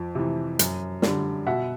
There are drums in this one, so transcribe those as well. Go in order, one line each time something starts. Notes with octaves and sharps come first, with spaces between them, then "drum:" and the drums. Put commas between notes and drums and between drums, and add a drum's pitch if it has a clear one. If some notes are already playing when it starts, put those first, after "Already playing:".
Already playing: F2
C3 E3
F#2, drum: hi-hat
D3 G3, drum: snare
B2 E5 F#5